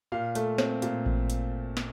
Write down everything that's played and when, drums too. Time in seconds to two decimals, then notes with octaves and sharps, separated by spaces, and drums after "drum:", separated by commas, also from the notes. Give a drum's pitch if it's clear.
0.12 A#2 F5
0.35 A3, drum: hi-hat
0.58 C4, drum: snare
0.82 A#2, drum: hi-hat
1.06 drum: kick A1
1.30 drum: hi-hat
1.77 drum: snare